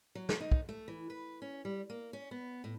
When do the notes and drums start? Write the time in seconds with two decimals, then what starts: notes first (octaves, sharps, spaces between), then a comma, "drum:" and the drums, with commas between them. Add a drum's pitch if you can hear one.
0.15 F#3
0.29 drum: snare
0.40 D#4
0.52 drum: kick
0.69 A3
0.88 E3
1.10 B4
1.42 C#4
1.65 G3
1.90 A#3
2.13 C#4
2.31 B3
2.64 A2